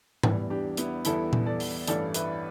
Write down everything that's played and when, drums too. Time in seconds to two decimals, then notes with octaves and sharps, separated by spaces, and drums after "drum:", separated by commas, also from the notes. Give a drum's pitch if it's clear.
0.23 E2 E3 G3, drum: tom G#2
0.50 D4 G4
0.77 B3 E4, drum: hi-hat
1.05 E2 E3 G3 E4 A4, drum: hi-hat
1.33 drum: tom A#2
1.46 A4 D5
1.60 drum: open hi-hat
1.88 A1 G2 E3 A4 D5, drum: hi-hat
2.14 B4 E5, drum: hi-hat